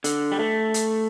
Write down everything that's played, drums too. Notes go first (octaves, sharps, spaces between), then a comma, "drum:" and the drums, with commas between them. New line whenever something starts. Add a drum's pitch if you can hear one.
D3, drum: hi-hat
G3
A3
drum: hi-hat